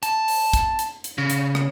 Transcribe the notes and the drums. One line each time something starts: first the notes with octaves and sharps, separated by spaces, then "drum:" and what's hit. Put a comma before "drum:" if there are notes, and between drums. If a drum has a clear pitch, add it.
A5, drum: hi-hat
drum: open hi-hat
drum: kick, hi-hat
drum: hi-hat
drum: hi-hat
C#3
drum: hi-hat
drum: rim click